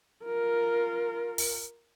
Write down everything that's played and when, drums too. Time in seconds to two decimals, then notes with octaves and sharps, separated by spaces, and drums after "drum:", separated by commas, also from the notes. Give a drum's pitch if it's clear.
0.25 F4 A#4
1.38 drum: open hi-hat